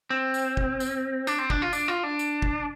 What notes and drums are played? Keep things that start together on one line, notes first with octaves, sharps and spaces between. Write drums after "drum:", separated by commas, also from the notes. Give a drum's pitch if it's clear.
C4
drum: tambourine
drum: kick
drum: tambourine
D4, drum: tambourine
C4
D4, drum: kick
F4
D4, drum: tambourine
F4
D4
drum: tambourine
drum: kick